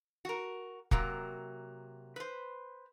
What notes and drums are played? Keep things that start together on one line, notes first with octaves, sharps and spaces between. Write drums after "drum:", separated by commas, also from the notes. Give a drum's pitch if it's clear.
F#4 A#4
C3 F#3 A#3, drum: kick
B4 C5